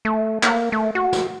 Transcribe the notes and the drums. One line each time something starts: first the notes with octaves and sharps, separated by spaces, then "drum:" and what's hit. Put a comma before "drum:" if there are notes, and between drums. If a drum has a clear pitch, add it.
A3
A#3, drum: clap
A3
F#4
drum: snare